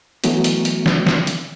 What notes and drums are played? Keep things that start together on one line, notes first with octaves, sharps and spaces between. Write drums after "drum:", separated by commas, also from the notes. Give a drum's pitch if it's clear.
E3 F#3 A3 B3 F#4, drum: hi-hat
drum: hi-hat
drum: hi-hat
drum: snare
drum: snare
drum: hi-hat